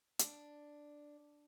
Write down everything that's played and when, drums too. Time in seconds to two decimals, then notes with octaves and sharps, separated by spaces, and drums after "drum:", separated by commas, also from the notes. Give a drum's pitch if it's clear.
0.19 D4, drum: hi-hat